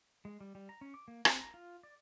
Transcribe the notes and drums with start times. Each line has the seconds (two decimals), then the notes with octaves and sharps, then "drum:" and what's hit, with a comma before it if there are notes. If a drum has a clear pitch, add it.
0.25 G#3
0.41 G3
0.55 G3
0.69 A#5
0.81 C#4
0.94 D6
1.08 A#3
1.25 C4, drum: rim click
1.41 A#5
1.54 F4
1.83 D5